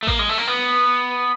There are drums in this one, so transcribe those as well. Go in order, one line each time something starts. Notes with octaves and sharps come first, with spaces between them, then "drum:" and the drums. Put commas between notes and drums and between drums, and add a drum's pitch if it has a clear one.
A3
A#3, drum: kick A1
G#3
A3
A#3
B3